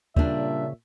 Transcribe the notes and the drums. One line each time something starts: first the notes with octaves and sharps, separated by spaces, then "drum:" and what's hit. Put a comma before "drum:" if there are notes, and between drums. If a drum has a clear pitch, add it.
A#2 C#3 G3 D4 E5, drum: kick